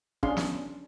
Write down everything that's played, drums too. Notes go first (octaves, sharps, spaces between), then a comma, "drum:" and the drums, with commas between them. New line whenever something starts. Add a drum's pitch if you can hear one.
C#4 D4 G#4 F5 C6, drum: kick
drum: snare